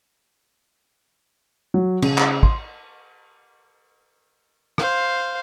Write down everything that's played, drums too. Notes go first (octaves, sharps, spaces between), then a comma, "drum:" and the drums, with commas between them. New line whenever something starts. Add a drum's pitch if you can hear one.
F#3
C#3, drum: cymbal
drum: clap
C6, drum: kick
C5 F5, drum: rim click